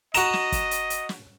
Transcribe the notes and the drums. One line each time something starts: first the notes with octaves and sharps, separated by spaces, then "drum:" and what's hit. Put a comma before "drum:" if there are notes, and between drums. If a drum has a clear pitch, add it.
F#4 D#5 A#5 E7, drum: hi-hat
drum: snare
drum: kick F#1, hi-hat
drum: hi-hat
drum: hi-hat
drum: snare